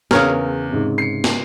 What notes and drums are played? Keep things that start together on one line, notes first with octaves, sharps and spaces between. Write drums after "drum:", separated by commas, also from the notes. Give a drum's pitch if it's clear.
E2 C#3 C#4 A#4, drum: snare
G#2 C3
C7 C#7
drum: snare